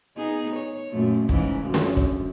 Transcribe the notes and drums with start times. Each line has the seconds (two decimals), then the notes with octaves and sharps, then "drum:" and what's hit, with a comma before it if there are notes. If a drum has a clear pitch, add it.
0.18 B3 D#4 G#4
0.56 C#5
0.89 F#2 A#2 A3
1.29 G#2 C#3 E3, drum: kick
1.64 F#2 D3
1.74 drum: snare
1.97 drum: kick